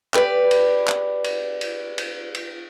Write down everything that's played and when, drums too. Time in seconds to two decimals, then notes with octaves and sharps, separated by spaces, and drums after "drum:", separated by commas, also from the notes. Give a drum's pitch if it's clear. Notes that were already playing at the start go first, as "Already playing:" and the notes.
0.14 G4 B4 D5, drum: clap
0.51 drum: cymbal
0.88 drum: clap
1.24 drum: cymbal
1.61 drum: cymbal
1.98 drum: cymbal
2.34 drum: cymbal